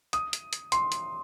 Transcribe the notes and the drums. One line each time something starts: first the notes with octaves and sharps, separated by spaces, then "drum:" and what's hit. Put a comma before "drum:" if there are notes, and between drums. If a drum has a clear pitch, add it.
D#6, drum: hi-hat
drum: hi-hat
drum: hi-hat
C6, drum: hi-hat
drum: hi-hat